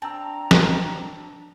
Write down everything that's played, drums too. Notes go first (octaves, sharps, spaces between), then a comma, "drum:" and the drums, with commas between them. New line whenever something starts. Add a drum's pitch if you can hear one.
C4 D4 A5 A#5 E6
drum: snare